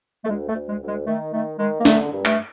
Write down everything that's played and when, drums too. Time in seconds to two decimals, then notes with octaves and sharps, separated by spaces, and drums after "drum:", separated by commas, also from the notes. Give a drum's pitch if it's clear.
0.25 A3
0.30 D2 G#3
0.49 A3
0.55 D2
0.69 G#3
0.82 D2
0.88 G#3
1.07 D#3 A3
1.34 D#3 A3
1.59 D#3 G#3
1.81 A#3
1.85 D3 A3, drum: snare
2.12 G2
2.25 A3, drum: clap